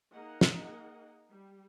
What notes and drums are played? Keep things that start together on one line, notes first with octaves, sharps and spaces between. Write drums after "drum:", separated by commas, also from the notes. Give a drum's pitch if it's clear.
A#3 D#4 G#4 A#4 D#5 F#5
drum: snare
G3